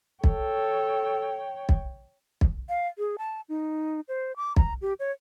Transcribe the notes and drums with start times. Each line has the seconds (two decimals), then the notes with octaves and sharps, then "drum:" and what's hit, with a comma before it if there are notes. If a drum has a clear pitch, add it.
0.24 A4 C#5 G5, drum: kick
1.69 drum: kick
2.41 drum: kick
2.69 F5
2.98 G#4
3.18 A5
3.49 D#4
4.08 C5
4.36 D6
4.56 A#5, drum: kick
4.82 G4
5.00 C#5